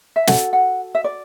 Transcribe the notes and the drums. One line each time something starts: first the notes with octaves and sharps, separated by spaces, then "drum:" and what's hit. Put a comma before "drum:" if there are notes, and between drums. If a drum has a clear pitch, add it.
E5
F#4 A4 F#5, drum: snare
F#5
E5
D5